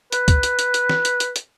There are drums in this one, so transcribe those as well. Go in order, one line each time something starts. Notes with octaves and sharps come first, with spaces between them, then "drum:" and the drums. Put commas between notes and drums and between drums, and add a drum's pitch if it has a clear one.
B4, drum: hi-hat
drum: kick, hi-hat
drum: hi-hat
drum: hi-hat
drum: hi-hat
drum: snare
drum: hi-hat
drum: hi-hat
drum: hi-hat